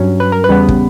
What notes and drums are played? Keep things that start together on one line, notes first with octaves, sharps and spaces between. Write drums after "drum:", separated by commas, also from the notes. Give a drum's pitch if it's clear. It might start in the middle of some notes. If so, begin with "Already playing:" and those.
Already playing: G2 F#3 C#4
B4
A#4
B4
E2 C#3 G3 B3
drum: kick